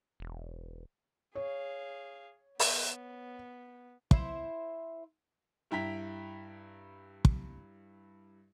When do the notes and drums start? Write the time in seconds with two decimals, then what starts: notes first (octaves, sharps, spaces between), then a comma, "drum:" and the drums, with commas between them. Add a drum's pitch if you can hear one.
0.20 E1
1.35 G#4 C#5 F5
2.59 B3, drum: open hi-hat
4.11 E4 C5 E5, drum: kick
5.71 G2 E4 G5 A#5 B6
7.25 drum: kick